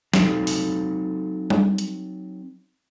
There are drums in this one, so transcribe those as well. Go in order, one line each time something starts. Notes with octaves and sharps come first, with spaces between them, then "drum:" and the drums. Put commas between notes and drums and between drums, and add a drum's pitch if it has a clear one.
F#3 C4 D#4 A4 F5, drum: snare
drum: open hi-hat
drum: tom G3
drum: hi-hat